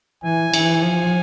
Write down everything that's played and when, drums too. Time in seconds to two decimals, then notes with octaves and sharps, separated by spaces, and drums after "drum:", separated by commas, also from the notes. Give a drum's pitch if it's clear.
0.24 E3 G#5
0.54 E3, drum: cymbal
0.82 F3 G#5